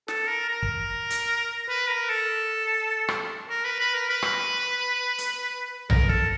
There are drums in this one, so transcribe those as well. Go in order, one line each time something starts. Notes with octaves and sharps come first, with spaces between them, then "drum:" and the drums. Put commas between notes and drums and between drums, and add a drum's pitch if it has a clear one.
A4, drum: snare
A#4
A#4
drum: kick
drum: hi-hat
B4
A#4
A4
drum: rim click
A#4
B4
B4
A#4
B4
drum: rim click
drum: hi-hat
A#4, drum: tom B1
A4, drum: kick